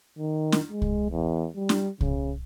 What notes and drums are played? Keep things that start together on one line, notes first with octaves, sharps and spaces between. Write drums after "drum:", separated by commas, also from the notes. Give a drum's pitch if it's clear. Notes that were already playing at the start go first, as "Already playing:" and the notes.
D#3
drum: snare
G#3
drum: kick C2
E2
G3
drum: snare
C#3, drum: kick C2